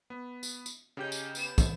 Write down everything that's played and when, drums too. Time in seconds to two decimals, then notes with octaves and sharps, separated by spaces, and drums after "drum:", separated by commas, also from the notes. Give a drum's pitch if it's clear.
0.10 B3
0.43 drum: tambourine
0.66 drum: tambourine
0.97 C#3 C#4 D#4 G4 G6
1.12 drum: tambourine
1.35 B3 E7, drum: tambourine
1.58 drum: kick, tambourine